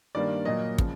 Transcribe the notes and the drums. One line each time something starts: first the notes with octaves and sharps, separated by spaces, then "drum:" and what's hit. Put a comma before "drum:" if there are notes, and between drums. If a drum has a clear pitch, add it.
G2 D#3 G3 A#3 D5
A#2 F#3 A#3 D#5
C#3 F3, drum: kick